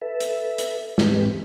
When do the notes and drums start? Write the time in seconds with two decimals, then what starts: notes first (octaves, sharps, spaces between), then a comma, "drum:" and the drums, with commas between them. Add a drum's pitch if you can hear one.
0.01 A4 B4 E5
0.20 drum: hi-hat
0.58 drum: hi-hat
0.98 G#2 E3 G#3 C4 G4 B4, drum: snare